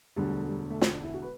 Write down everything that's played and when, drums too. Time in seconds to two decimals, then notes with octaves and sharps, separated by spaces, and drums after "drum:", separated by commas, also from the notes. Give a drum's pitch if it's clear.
0.16 E1 D2 D3 G3
0.48 G3
0.71 A3
0.81 drum: snare
0.92 D4
1.03 E4
1.14 F#4
1.22 B4